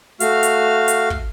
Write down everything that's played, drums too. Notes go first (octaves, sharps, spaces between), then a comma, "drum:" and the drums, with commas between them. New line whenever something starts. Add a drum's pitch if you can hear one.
A3 F#4 F5 F6, drum: hi-hat
drum: hi-hat
drum: hi-hat
drum: kick